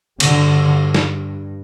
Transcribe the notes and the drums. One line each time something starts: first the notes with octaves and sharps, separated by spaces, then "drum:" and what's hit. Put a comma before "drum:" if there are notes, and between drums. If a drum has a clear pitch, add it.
G2 D3, drum: cymbal
drum: snare